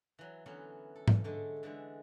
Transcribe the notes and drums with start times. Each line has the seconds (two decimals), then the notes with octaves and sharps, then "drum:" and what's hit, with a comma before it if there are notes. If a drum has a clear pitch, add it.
0.19 E3 F#3
0.46 D3 E3 F#3 B3 C#4
0.96 A4
1.08 drum: tom G#2
1.24 D3 G#3 A3 G#5
1.63 D3 E3 G#3 E5